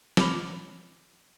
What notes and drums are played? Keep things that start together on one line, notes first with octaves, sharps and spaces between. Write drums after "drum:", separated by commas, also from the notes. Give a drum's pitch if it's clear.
B5 D6 F6, drum: snare